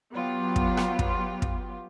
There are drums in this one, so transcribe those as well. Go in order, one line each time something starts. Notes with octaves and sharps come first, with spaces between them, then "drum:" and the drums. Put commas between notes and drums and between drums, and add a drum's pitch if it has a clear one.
F#3 B3 F4 G4
drum: kick
drum: rim click
drum: kick
drum: kick